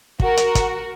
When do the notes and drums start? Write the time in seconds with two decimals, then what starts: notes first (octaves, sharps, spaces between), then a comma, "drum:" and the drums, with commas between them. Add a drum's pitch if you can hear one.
0.20 F#4 A#4, drum: kick
0.37 drum: hi-hat
0.55 drum: kick, hi-hat